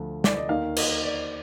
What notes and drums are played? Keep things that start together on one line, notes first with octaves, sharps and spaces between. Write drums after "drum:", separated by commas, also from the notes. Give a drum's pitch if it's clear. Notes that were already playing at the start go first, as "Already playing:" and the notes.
Already playing: D2 D3 F3
D5, drum: snare
D#5
D#2 D#3 F5
D#5, drum: cymbal
D5